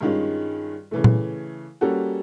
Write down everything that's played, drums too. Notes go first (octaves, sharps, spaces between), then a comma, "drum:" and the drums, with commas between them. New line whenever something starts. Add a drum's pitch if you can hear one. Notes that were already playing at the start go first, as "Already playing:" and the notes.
G2 D#3 G#3 C#4 F4
C#3 E3 A3
drum: tom A#2
G3 A#3 C#4 F#4 A4